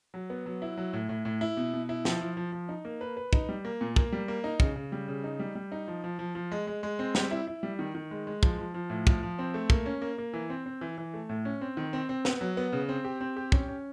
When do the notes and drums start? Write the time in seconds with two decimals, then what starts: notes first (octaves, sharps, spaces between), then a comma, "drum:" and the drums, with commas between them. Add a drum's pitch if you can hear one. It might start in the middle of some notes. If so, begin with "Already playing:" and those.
0.14 F#3
0.30 B3
0.46 F#3
0.62 E4
0.77 F#3
0.93 A2
1.09 A2
1.25 A2
1.41 E4
1.57 B2
1.73 B2
1.89 E4
2.05 F3, drum: snare
2.21 F3
2.37 F3
2.52 F3
2.69 D#4
2.85 A#3
3.01 B4
3.17 B4
3.33 D#4, drum: kick
3.49 G3
3.65 A#3
3.81 A#2
3.96 A#3, drum: kick
4.12 G3
4.28 A#3
4.44 D#4
4.60 C#3, drum: kick
4.76 C#3
4.92 G3
5.08 C#3
5.24 D#4
5.39 G3
5.55 G3
5.72 D#4
5.88 F3
6.04 F3
6.19 F3
6.35 F3
6.52 G#3
6.67 G#3
6.83 G#3
6.99 C4
7.15 G3, drum: snare
7.31 E4
7.47 E4
7.63 G3
7.79 D#3
7.95 D#3
8.11 G#3
8.27 G#3
8.43 F3, drum: kick
8.58 F3
8.74 F3
8.90 A2
9.07 F3, drum: kick
9.23 F3
9.39 C4
9.54 A3
9.70 A#3, drum: kick
9.86 C#4
10.02 A#3
10.18 A#3
10.34 E3
10.50 C4
10.66 C4
10.81 E3
10.98 E3
11.14 A3
11.29 A2
11.45 C#4
11.61 C4
11.77 D#3
11.93 C4
12.09 C4
12.25 B3, drum: snare
12.41 F#3
12.57 B3
12.72 C#3
12.89 C4
13.04 G4
13.21 C4
13.36 G4
13.52 C#4, drum: kick
13.68 C#4